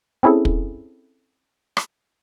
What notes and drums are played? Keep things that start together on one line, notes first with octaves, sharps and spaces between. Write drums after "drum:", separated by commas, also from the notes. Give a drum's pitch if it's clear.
C4 C#4 E4 G#4 A4
drum: kick
drum: rim click